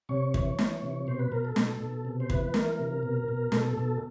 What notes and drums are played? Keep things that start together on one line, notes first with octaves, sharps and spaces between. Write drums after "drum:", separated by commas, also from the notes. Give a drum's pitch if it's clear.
C3 C#5
E3, drum: kick
E3, drum: snare
C3
B2 C5
B4
B2 A#4
A4
B2, drum: snare
B2
C3
C5
E3 B4, drum: kick
E3 A#4, drum: snare
C3
B2
B2
B2 A4, drum: snare
B2 A4